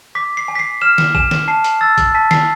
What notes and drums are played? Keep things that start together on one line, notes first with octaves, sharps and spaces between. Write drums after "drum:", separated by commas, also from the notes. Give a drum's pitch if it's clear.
D6 B6
C7
G#5
B6
C7
F6 E7
drum: snare
G#5 E7, drum: kick
drum: snare
A5 C7
drum: hi-hat
E6 A6
drum: kick, hi-hat
A5 B6
C7, drum: snare